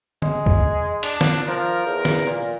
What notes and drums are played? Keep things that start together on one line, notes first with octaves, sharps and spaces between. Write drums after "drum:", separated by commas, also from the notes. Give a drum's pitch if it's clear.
G#3, drum: tom D3
drum: kick
D4, drum: hi-hat
drum: snare
F3 A#4
E2
drum: snare
A#2